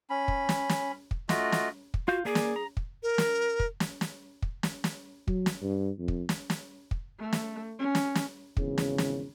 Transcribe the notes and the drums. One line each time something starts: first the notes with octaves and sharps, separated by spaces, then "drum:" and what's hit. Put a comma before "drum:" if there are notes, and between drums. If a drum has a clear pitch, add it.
C#4 B5
drum: kick
drum: snare
drum: snare
drum: kick
A3 F4 F#4 D#5, drum: snare
drum: snare
drum: kick
F4 F#4 F5 G6
A#3 G#4 D5 G#5
drum: snare
A#5
drum: kick
A#4
drum: snare
drum: kick
drum: snare
drum: snare
drum: kick
drum: snare
drum: snare
F#3, drum: kick
drum: snare
G2
F2
drum: kick
drum: snare
drum: snare
drum: kick
A3
drum: snare
C#4
drum: snare
drum: snare
G#1 E2 C#3, drum: kick
drum: snare
drum: snare